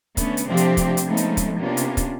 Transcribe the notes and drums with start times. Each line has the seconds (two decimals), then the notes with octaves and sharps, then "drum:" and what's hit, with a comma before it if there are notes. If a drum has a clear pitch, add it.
0.17 D3 A3 B3 C#4, drum: kick, hi-hat
0.37 drum: hi-hat
0.47 C3 F3 A3 C4 D4 G4
0.57 drum: hi-hat
0.77 drum: kick, hi-hat
0.97 drum: hi-hat
1.07 F3 G#3 A3 B3 C#4 D#4
1.17 drum: hi-hat
1.37 drum: kick, hi-hat
1.57 C3 A#3 B3 C#4 D4 F4
1.77 drum: hi-hat
1.97 drum: kick, hi-hat